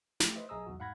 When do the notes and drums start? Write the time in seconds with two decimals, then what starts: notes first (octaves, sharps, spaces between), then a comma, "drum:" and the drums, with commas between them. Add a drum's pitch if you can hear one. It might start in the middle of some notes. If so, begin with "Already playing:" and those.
0.20 A3 G4, drum: snare
0.36 B4 C5 D#5 E5
0.49 B1 G#4 D#5 A#5 D#6 E6
0.66 B1 E2 F#4
0.79 G#2 F5 F#5 B5 G#6 A#6